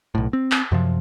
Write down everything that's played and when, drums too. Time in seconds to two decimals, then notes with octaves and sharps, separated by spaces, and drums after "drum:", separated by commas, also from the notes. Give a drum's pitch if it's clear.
0.15 B1 A2
0.33 C4
0.52 drum: clap
0.72 F#2 C3 F3